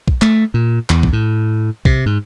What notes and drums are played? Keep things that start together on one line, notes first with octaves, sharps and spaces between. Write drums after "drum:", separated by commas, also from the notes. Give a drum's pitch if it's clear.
drum: kick
A3, drum: clap
A#2
E2, drum: clap
drum: kick
A2
C3, drum: kick
G#2